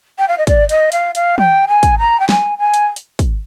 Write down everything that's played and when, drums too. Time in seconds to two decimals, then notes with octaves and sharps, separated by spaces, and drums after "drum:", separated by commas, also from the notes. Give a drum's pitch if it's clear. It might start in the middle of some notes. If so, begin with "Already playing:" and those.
0.18 G5
0.28 F5
0.38 D#5
0.47 D5, drum: kick, hi-hat
0.69 D#5, drum: hi-hat
0.92 F5, drum: hi-hat
1.15 F5, drum: hi-hat
1.38 G5, drum: tom
1.67 G#5
1.83 drum: kick, hi-hat
1.99 A#5
2.19 G5
2.29 G#5, drum: snare
2.58 G#5
2.74 drum: hi-hat
2.96 drum: hi-hat
3.19 drum: kick, hi-hat